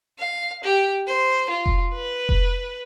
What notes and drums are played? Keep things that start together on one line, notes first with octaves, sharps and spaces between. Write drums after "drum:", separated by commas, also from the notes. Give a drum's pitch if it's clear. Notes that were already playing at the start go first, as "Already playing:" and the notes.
F5
G4
C5
F4
drum: kick F1
B4
drum: kick F1